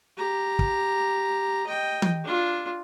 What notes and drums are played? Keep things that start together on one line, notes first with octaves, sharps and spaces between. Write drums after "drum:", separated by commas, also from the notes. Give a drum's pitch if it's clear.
G4 A#5
drum: kick
D#5 G5
drum: tom E3
D4 F4